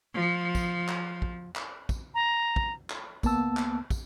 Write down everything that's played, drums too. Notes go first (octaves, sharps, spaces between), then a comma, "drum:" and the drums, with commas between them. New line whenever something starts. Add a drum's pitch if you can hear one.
F3
drum: kick, tambourine
drum: clap
drum: kick
drum: clap
drum: kick, tambourine
A#5
drum: kick
drum: clap
C#2 A#3 B3 A5 E6, drum: kick, tambourine
drum: clap
drum: kick, tambourine